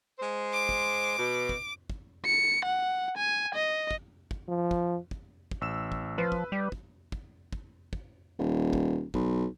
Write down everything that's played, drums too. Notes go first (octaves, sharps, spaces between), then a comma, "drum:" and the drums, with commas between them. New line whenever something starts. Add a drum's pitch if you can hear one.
G#3 C5
D6
drum: kick
B2
drum: kick
drum: kick
C#7
F#5
G#5
D#5
drum: kick
drum: kick
F3
drum: kick
drum: kick
drum: kick
A1 E6 E7
drum: kick
F3 B4
drum: kick
G3
drum: kick
drum: kick
drum: kick
drum: kick
D#1
drum: kick
B1, drum: kick